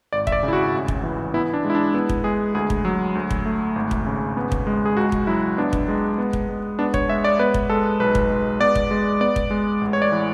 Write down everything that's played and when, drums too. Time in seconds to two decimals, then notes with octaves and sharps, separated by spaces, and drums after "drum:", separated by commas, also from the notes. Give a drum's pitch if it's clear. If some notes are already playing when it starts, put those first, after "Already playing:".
0.13 G#1 D5
0.27 E5, drum: kick
0.32 D5
0.43 C#3
0.48 E4
0.53 F#4
0.73 A1
0.88 drum: kick
1.04 E3
1.34 B3 E4
1.53 D4
1.65 G#3
1.70 E4
1.75 D4
1.94 B3 E4
2.09 drum: kick
2.24 G#3 G#4
2.55 D2 G#4
2.70 drum: kick
2.85 F#3
3.15 D2
3.31 drum: kick
3.46 A3
3.76 G#1
3.91 drum: kick
4.06 C#3
4.37 B3
4.52 drum: kick
4.67 G#3
4.86 G#4
4.97 C#2 F#4
5.12 drum: kick
5.27 F#3 E4
5.58 B3 D4
5.73 drum: kick
5.88 G#3
6.18 B3
6.33 drum: kick
6.49 G#3
6.79 B3 D4
6.94 C#5, drum: kick
7.09 G#3 E5
7.24 D5
7.39 B3 B4
7.54 drum: kick
7.70 G#3 A4
8.00 B1 B4
8.15 drum: kick
8.30 G#3
8.60 B3 D5
8.75 drum: kick
8.91 G#3
9.21 B3 D5
9.36 drum: kick
9.51 G#3
9.81 A1
9.93 C#5
10.02 D5
10.12 E3